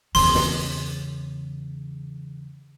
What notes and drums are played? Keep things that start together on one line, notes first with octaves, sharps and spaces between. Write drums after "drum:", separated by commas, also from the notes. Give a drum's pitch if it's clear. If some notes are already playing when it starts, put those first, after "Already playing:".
E2 C#3 C6, drum: open hi-hat
drum: snare